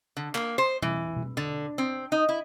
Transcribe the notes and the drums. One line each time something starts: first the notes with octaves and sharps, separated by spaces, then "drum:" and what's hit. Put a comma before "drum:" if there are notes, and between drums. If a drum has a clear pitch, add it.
D3
A#3, drum: clap
C5
E3, drum: tom B2
drum: tom B2
D3
C4
D#4
E4